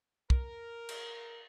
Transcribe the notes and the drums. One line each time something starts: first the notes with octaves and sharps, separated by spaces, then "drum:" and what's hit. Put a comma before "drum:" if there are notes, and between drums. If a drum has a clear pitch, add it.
A#4, drum: kick
drum: cymbal